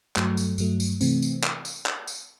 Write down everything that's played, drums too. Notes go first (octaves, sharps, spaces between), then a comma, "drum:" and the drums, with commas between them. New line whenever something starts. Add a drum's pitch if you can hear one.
G2 F#3 A3, drum: clap
drum: tambourine
G2 F#3 A3, drum: tambourine
drum: tambourine
C3 E3 A3 C4, drum: tambourine
drum: tambourine
drum: clap
drum: tambourine
drum: clap
drum: tambourine